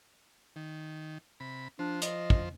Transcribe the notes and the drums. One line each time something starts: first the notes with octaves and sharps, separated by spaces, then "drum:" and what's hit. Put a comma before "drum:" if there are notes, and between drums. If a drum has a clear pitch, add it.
D#3
C3 B5
F3 D4 C5
D#5, drum: hi-hat
drum: kick